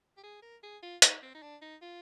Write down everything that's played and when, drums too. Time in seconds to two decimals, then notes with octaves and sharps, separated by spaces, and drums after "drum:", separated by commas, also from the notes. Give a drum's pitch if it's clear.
0.17 G4
0.23 G#4
0.42 A#4
0.63 G#4
0.82 F4
1.02 D#4, drum: hi-hat
1.22 C4
1.34 D#4
1.42 D4
1.61 D#4
1.82 F4